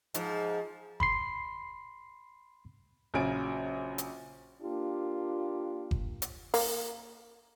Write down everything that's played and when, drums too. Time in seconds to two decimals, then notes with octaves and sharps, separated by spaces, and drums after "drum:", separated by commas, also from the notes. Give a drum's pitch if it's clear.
0.14 G#2 F3, drum: hi-hat
1.00 B5 C6 C7, drum: kick F#1
3.14 A#1 C#3 F#3 G#5 D7
3.98 drum: hi-hat
4.62 A#3 D4 F4 G4
5.91 drum: kick F#1
6.22 drum: hi-hat
6.54 A#3, drum: open hi-hat